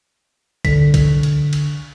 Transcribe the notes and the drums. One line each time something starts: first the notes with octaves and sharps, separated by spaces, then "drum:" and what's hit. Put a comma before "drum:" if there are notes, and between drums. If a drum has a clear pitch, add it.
D3 B6, drum: kick B1, cymbal
drum: kick B1, cymbal
drum: cymbal
drum: cymbal